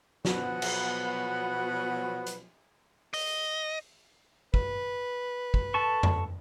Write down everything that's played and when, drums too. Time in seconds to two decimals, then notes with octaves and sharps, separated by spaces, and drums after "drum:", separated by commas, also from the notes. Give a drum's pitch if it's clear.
0.25 B2 F3 F#3 B3 B4 F#5, drum: snare
0.62 drum: cymbal
2.26 drum: hi-hat
3.14 D#5, drum: open hi-hat
4.54 B4, drum: kick
5.54 drum: kick
5.74 A4 A5 C#6
6.03 drum: tom F2